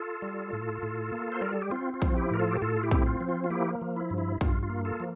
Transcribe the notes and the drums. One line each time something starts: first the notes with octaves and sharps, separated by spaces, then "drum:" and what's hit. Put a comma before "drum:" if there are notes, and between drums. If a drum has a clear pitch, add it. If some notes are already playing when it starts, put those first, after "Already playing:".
Already playing: F4 A4
G3
A2
A2
A#3
C5
G3 A#4
A4
G4
C4 F4
F4
F3, drum: kick
E4 G4
A2 A#4
F4 A4
G4
A2 F4 A4
F4
E4 G4
C4, drum: kick
F4
F3
F4
F4
A#3 E4 G4
F3
E4
G2
E4
G2 F4, drum: kick
F4
A#3
F4 A4
F3